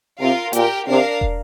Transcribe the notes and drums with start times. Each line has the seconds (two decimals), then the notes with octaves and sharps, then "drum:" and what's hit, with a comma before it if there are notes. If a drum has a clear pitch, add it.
0.20 C3 F4 A#4 F5
0.53 A#2 G4 A#4 G5, drum: hi-hat
0.88 C3 D4 A#4 F5
1.21 drum: kick